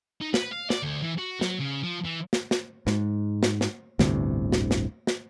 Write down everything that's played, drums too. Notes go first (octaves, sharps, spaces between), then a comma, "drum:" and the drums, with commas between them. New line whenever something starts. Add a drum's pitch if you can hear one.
D#4
B4, drum: snare
F5
D5, drum: snare
D2
E3
F#4
F#3, drum: snare
C#3
F3
E3
drum: snare
drum: snare
G#2, drum: snare
drum: snare
drum: snare
G1 D2 A2 C3, drum: snare
drum: snare
drum: snare
drum: snare